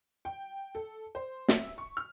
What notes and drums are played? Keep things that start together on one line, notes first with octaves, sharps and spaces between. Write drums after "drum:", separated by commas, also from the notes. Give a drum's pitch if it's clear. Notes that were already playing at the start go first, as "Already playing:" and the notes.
G5
A4
C5
E5, drum: snare
C#6
F6